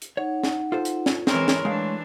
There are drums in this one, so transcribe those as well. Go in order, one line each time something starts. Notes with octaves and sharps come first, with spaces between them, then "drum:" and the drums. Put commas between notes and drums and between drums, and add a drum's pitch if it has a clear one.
drum: hi-hat
D#4 C#5 F#5
drum: snare
F4 A4 C5
drum: hi-hat
drum: snare
E3 G#3 C4 A#4 C#5 C6 C#6, drum: snare
drum: snare
E3 G#3 A3 D4 F5